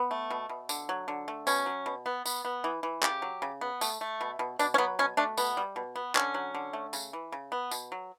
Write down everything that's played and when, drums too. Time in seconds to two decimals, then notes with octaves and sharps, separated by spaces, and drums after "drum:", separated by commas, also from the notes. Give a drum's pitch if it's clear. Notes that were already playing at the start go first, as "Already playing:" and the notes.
Already playing: B3
0.11 A3
0.30 B2
0.49 B2
0.69 D3, drum: tambourine
0.89 F#3
1.08 D3
1.28 A3
1.47 B2 C#4, drum: tambourine
1.66 F#3
1.86 B2
2.06 B3
2.25 B3, drum: tambourine
2.45 B3
2.64 E3
2.83 E3
3.03 C#3 G4, drum: clap
3.22 F#3
3.42 C#3
3.61 B3
3.81 A3, drum: tambourine
4.01 A3
4.21 B2
4.39 B2
4.59 B2 D4, drum: tambourine
4.74 C#4
4.78 F#3 B3
4.99 B2 C#4
5.17 A3 D4
5.37 B2 B3, drum: tambourine
5.57 G3
5.76 B2
5.96 B3
6.15 D3 C#4, drum: clap
6.34 F#3
6.55 D3
6.73 A3
6.93 C#3, drum: tambourine
7.13 E3
7.32 C#3
7.52 B3
7.71 B2, drum: tambourine
7.92 F#3